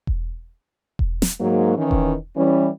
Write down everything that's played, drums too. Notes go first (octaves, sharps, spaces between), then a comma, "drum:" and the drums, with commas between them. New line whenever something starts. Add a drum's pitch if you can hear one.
drum: kick E1
drum: kick E1
drum: snare
G#2 F#3 A#3
D#3 E3 C#4
drum: kick E1
E3 G3 C#4